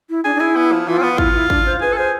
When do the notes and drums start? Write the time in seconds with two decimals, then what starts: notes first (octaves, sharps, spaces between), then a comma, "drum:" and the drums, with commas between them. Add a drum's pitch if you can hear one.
0.10 E4
0.24 D4 G#4
0.35 D4
0.40 E4 G#4
0.56 B3
0.72 F3
0.87 E3 F4
0.98 C4
1.03 B3
1.18 E4 F4, drum: kick
1.35 E4
1.50 D4, drum: kick
1.66 C5
1.81 G#4 B4
1.92 A4
1.97 G#4 C5